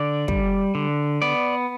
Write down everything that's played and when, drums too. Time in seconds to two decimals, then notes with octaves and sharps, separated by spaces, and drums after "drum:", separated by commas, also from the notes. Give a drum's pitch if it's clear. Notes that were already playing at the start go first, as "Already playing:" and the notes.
Already playing: D3 D5
0.28 G3, drum: kick
0.75 D3
1.22 B3 D5